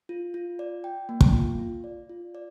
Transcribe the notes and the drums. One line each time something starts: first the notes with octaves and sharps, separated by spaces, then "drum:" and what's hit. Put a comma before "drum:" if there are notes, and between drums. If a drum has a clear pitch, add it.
F4
F4
D5
G5
A#3
drum: kick
F4
F4
D5
F4
D5